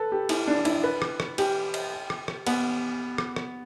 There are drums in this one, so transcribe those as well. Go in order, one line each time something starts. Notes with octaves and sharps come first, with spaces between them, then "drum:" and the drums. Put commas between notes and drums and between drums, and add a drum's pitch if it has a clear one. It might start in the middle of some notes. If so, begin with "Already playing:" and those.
Already playing: A4 B4
G4
E4, drum: cymbal
D4
E4, drum: cymbal
B4
drum: rim click
drum: rim click
G4, drum: cymbal
drum: cymbal
drum: rim click
drum: rim click
B3, drum: cymbal
drum: rim click
drum: rim click